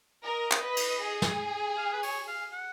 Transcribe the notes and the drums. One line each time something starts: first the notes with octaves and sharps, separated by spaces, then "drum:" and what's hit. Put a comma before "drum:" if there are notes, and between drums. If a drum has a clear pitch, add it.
A#4 D#5
drum: clap
B4
drum: cymbal
G#4
drum: snare
F5
B4
C#5, drum: open hi-hat
F5
F#5